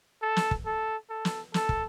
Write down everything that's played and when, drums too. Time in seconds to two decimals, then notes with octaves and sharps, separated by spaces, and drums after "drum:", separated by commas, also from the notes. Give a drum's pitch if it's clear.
0.22 A4
0.36 drum: snare
0.51 drum: kick
0.66 A4
1.10 A4
1.25 drum: snare
1.54 A4, drum: snare
1.69 drum: kick